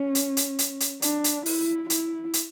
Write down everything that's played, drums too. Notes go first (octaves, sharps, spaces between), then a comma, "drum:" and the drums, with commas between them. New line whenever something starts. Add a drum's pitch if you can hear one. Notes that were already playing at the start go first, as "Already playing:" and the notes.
Already playing: C#4
drum: hi-hat
drum: hi-hat
drum: hi-hat
drum: hi-hat
D4, drum: hi-hat
drum: hi-hat
E4, drum: open hi-hat
E4, drum: hi-hat
drum: hi-hat